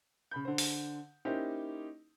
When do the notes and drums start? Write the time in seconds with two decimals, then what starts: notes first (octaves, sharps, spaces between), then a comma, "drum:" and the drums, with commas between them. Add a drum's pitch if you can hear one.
0.31 C#3 B5 G6
0.45 D3 C5
0.58 drum: open hi-hat
1.25 A#3 C#4 D#4 E4 G4 C5